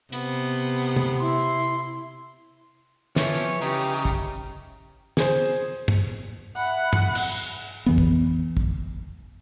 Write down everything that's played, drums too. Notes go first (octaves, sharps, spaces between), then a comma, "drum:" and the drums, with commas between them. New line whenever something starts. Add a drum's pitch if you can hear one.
C3 B3, drum: hi-hat
drum: tom
E4 C6
E3 F3 C#5, drum: snare
C#3 D#4 G4
drum: kick
G#4 C5, drum: snare
drum: tom
E5 F#5 B5 F#6, drum: tambourine
drum: tom
drum: cymbal
F2 E3 B3
drum: kick
drum: kick